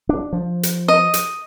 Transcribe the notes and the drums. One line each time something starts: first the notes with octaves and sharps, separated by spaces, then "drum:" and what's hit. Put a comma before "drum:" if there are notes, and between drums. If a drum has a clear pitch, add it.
D4
F3
drum: hi-hat
D#5
drum: hi-hat